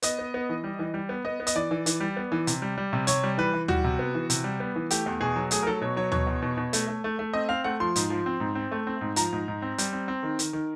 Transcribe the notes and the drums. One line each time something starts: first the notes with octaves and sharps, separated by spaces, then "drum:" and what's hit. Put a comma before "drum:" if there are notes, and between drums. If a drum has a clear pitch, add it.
B3 D#5, drum: hi-hat
B3
B3
E3
G3
E3
G3
B3
B3 D#5
B3
D#5, drum: hi-hat
E3 D5
E3
E3, drum: hi-hat
G3
B3
E3
C3, drum: hi-hat
G3
G3
C3
C3 C#5, drum: hi-hat
G3
E3 B4
E3
G3 F#4, drum: tom
C3
B3
E3
C3, drum: hi-hat
G3
B3
E3
A3 G4, drum: hi-hat
E2
B2 G#4
F#3
A3 G#4, drum: hi-hat
A#4
F#3 A4
B2 C#5
F#3 C#5
B2 C#5, drum: tom
E2
B2
B2
A3, drum: hi-hat
A3
A3
A3
C4 D#5
C4 F5
A3 F#5
F3 C6
G#2, drum: hi-hat
F3
C4
G#2
C4
A3
C4
G#2
F3 A#5, drum: hi-hat
G#2
G#2
C4
G3, drum: hi-hat
C4
C4
D#3
D#3, drum: hi-hat
D#3